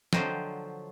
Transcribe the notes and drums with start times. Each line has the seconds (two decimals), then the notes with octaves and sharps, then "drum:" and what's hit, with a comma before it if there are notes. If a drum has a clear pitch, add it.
0.13 D3 F3 F#3 C5 D#5 G5, drum: snare